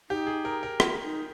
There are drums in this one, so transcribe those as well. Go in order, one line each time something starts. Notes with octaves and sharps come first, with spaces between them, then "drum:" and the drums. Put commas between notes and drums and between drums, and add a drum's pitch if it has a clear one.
D#4 G4
G#4
A#4
A#4
F4, drum: rim click
D#4